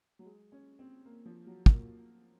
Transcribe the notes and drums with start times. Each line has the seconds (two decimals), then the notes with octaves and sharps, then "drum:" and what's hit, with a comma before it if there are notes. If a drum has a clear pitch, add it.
0.19 F#3
0.25 G#3
0.52 C#4
0.79 C4
1.05 A#3
1.26 F3
1.47 F#3
1.66 A#3, drum: kick